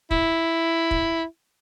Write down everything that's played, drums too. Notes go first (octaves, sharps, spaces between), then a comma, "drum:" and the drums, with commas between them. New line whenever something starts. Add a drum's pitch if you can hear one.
E4, drum: kick
drum: kick